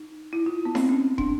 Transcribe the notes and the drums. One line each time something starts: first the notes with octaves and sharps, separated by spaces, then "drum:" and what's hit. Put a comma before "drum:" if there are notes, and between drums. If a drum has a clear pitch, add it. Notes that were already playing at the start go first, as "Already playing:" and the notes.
Already playing: D#4
E4
F4
B3
C4, drum: snare D#4
C#4
D4, drum: kick